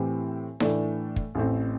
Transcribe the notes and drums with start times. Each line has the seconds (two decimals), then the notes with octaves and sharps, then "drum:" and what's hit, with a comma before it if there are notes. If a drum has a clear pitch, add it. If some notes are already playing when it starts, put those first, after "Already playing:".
Already playing: A2 E3 C4 G4
0.60 A2 E3 A3 D4, drum: snare D#4
1.16 drum: kick
1.35 A1 A2 A3 C4